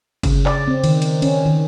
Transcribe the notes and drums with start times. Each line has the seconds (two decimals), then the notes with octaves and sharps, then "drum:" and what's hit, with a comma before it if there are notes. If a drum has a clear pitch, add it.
0.23 C#3, drum: kick G1, cymbal
0.46 D5, drum: clap
0.68 C4
0.84 D#3, drum: cymbal
1.02 drum: cymbal
1.22 C#4, drum: cymbal
1.45 D#3